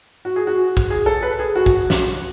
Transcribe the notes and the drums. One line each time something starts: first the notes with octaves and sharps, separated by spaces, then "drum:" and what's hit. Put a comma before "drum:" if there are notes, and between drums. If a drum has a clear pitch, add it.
F#4
G#4
F#4
drum: kick
G#4
A4
B4
G#4
F#4
drum: kick
drum: snare